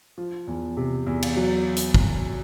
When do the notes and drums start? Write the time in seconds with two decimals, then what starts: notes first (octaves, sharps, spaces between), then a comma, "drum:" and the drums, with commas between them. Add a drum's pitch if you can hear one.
0.18 F3
0.47 E2
0.77 C3
1.06 E2
1.22 drum: cymbal
1.36 F#3
1.76 drum: hi-hat
1.94 drum: kick